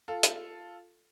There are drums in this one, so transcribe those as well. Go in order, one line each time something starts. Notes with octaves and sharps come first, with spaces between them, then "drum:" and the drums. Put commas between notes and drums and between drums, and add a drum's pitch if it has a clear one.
F4 A4
drum: hi-hat